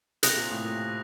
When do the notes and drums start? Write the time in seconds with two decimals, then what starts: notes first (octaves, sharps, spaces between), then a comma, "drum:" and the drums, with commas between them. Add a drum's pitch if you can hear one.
0.23 C3 D#6 F#6 A#6 F7, drum: hi-hat
0.36 A#2
0.51 A2
0.64 A#2